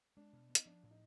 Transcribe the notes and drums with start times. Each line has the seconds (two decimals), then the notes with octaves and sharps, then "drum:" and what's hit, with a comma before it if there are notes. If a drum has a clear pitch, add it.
0.17 G#3 D4
0.33 B2
0.50 B3
0.55 D#4, drum: hi-hat
0.66 F3 D4
0.83 A2
0.91 D#4